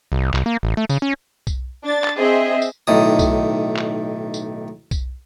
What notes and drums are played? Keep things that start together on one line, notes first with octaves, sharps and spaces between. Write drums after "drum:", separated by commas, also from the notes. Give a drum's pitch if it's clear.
C2
C2, drum: clap
A#3
A1
A3
C#3, drum: tambourine
C#4
drum: kick B1, tambourine
D4 A6
drum: clap
C4 G#4 D#5 E5
drum: tambourine
B1 A2 D#3 D#6
drum: kick B1, tambourine
drum: clap
drum: tambourine
drum: kick B1, tambourine